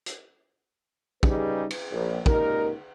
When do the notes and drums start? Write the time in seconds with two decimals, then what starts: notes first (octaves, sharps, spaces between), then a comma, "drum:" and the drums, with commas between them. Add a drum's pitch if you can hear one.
0.06 drum: hi-hat
1.23 C#3 G3 D#4 G4 G#4 B4, drum: kick
1.70 drum: cymbal
1.92 A#1
2.26 C#2 A#2 D#4 G4 A#4, drum: kick